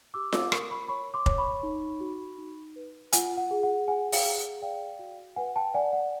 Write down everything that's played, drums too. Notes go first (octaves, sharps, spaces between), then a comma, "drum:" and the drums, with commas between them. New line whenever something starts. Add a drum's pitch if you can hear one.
G4 D6 E6
D6 E6, drum: snare
A#4 C#6 D#6, drum: rim click
B5 C#6
C#5 B5 C#6
C6 D6
C#5, drum: kick F1
B5 C#6
D#4
F#4
D#4
B4
F4 F#5 G#5, drum: hi-hat
F#5
G#4
F#5
G#4 F#5 G#5
F5 G5, drum: open hi-hat
G#4
F#5
D5 F5 G5
F#4
B4 F#5 G#5
G5 A5
D5 F#5 G#5
F#5